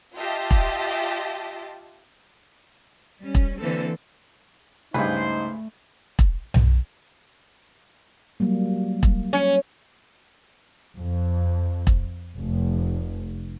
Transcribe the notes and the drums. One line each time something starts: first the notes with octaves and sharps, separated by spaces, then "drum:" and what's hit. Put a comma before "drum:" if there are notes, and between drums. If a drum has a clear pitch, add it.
F4 G4 D#5 E5 A5
drum: kick E1
G3 C#4
drum: kick E1
D3 E3 A#3 C4 A4
C#2 G2 A3 D#4 G#4 B4 C5
drum: kick E1
drum: tom B1
F#3 G3 A#3
drum: kick E1
C#4
F2
drum: kick E1
F1